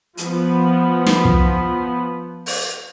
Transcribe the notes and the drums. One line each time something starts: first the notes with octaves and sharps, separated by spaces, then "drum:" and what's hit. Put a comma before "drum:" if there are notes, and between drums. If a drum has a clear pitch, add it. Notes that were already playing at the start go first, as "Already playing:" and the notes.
F3 B3, drum: hi-hat
drum: snare
drum: kick
drum: open hi-hat